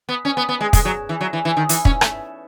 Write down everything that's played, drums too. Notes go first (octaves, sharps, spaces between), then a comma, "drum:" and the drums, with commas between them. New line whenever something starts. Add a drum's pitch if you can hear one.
B3
C#4
B3
B3
G#3
G#3, drum: kick, hi-hat
F#3
E3
F#3
E3
E3
D#3
E3, drum: hi-hat
C#4, drum: kick
A3, drum: rim click